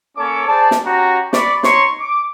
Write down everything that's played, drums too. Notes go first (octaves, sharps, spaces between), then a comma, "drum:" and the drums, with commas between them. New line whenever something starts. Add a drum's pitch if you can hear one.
A#3 C#4 A4 C#5 A5 D6
G#4 C5 D5 A5
drum: snare
C#4 F#4 G4 A#5
D5 B5 C#6, drum: snare
D#4 C#5 C6 C#6, drum: snare
D6